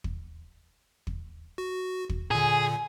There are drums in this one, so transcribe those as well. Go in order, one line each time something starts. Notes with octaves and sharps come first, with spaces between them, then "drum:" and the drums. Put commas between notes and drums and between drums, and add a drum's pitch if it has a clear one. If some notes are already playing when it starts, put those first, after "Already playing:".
drum: kick
drum: kick
F#4
drum: kick
A#2 D3 G#4 G#5